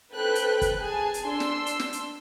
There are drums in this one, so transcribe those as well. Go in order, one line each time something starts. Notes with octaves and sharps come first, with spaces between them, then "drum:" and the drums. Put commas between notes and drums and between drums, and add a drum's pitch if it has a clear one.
A4 B4 C5 G5 F#6
drum: hi-hat
drum: kick, hi-hat
G#4 G#5 A5
drum: hi-hat
D4 C6 E6
drum: snare
drum: hi-hat
drum: snare
drum: hi-hat